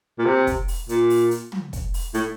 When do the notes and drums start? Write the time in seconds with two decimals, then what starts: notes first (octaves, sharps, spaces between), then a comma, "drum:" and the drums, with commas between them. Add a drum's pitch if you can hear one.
0.19 A#2
0.26 C3
0.47 drum: kick, hi-hat
0.68 drum: open hi-hat
0.89 A#2, drum: hi-hat
1.10 drum: open hi-hat
1.31 drum: hi-hat
1.52 drum: tom
1.73 drum: kick, hi-hat
1.94 drum: open hi-hat
2.14 A2, drum: hi-hat